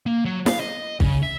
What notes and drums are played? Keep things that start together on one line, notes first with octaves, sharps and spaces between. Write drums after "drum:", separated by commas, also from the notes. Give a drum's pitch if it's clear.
A#3
F#3
F5, drum: snare
D#5
C#3, drum: kick
E5